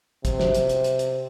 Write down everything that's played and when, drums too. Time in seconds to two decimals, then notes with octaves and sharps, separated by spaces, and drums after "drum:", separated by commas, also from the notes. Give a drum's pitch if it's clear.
0.25 C3, drum: kick, hi-hat
0.40 drum: snare
0.55 drum: hi-hat
0.69 drum: hi-hat
0.84 drum: hi-hat
0.99 drum: hi-hat